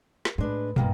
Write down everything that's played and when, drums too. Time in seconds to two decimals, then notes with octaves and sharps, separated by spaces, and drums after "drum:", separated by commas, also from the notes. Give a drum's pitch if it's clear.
0.25 drum: snare
0.38 A2 G#3 D4 B4
0.76 A#1 G2 B2 D#3 A#3, drum: tom